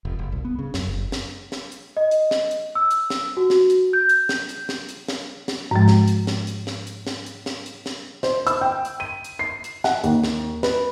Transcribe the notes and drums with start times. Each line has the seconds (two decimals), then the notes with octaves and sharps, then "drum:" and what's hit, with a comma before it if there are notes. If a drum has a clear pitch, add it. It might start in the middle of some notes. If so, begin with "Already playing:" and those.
0.05 F1
0.19 F#1
0.32 C2
0.45 B3
0.59 C#3
0.74 F#2, drum: snare
0.88 F#1
1.12 drum: snare
1.52 drum: snare
1.72 drum: hi-hat
1.97 D#5
2.11 drum: hi-hat
2.31 drum: snare
2.51 drum: hi-hat
2.75 E6
2.91 drum: hi-hat
3.10 drum: snare
3.37 F#4
3.50 drum: snare
3.70 drum: hi-hat
3.93 G6
4.09 drum: hi-hat
4.29 drum: snare
4.49 drum: hi-hat
4.69 drum: snare
4.89 drum: hi-hat
5.08 drum: snare
5.48 drum: snare
5.71 G#2 F3 G#3
5.88 drum: snare
6.08 drum: hi-hat
6.27 drum: snare
6.47 drum: hi-hat
6.67 drum: snare
6.87 drum: hi-hat
7.07 drum: snare
7.26 drum: hi-hat
7.46 drum: snare
7.66 drum: hi-hat
7.86 drum: snare
8.23 C5, drum: snare
8.47 E6, drum: hi-hat
8.61 G5
8.85 drum: hi-hat
9.00 D#7
9.24 drum: hi-hat
9.39 C7
9.64 drum: hi-hat
9.84 F#5, drum: snare
10.04 D#2, drum: hi-hat
10.23 drum: snare
10.63 B4, drum: snare